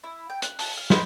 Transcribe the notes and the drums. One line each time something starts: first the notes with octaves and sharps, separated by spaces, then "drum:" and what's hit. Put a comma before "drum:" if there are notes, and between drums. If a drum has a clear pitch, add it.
E4
G5
F#6, drum: hi-hat
A5 C#6 F#6, drum: open hi-hat
F5
D#4 B4 C5, drum: snare